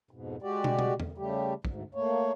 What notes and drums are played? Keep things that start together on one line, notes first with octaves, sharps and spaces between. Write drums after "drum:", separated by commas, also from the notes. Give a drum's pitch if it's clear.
F2 G#2 B2
G#3 F#4 G4 D5
drum: tom
drum: tom
drum: tom E2
C#3 G3 A3 G4
D2 G#2, drum: kick
A3 A#3 C#5